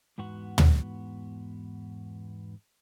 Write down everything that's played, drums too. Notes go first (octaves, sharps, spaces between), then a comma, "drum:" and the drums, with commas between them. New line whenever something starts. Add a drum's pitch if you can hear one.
E2 G#2 B3 F#4 F#5
drum: tom